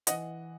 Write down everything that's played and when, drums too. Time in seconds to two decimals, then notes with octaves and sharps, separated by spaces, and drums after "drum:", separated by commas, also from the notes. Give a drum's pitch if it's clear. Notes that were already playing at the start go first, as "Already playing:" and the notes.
0.07 E3 D#5 F#5, drum: hi-hat